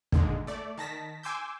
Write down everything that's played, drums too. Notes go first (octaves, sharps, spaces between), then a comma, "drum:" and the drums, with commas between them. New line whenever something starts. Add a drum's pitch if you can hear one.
A#2 D3 D#3 G#3, drum: kick
A3 D5
D#3 A5 A#6 B6
G#5 C6 D6 E6 G6